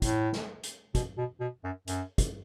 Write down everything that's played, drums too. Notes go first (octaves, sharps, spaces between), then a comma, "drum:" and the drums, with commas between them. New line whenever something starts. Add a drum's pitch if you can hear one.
A2, drum: kick, hi-hat
drum: snare
drum: hi-hat
B2, drum: kick, hi-hat
B2
B2
F#2
F#2, drum: hi-hat
drum: kick, hi-hat